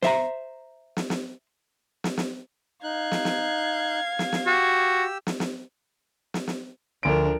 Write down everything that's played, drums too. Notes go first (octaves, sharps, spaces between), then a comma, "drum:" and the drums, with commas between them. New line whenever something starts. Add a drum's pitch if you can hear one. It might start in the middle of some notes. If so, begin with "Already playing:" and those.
C5 E5 A#5, drum: snare
drum: snare
drum: snare
drum: snare
drum: snare
D#4 F5 F#6 G#6
drum: snare
drum: snare
drum: snare
drum: snare
F#4 G4 E6
drum: snare
drum: snare
drum: snare
drum: snare
D2 F3 D4 A#4 D7